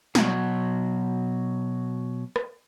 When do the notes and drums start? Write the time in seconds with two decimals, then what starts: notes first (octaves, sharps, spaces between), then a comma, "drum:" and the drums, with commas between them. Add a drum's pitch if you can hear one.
0.15 B2 F#3, drum: snare
2.36 drum: rim click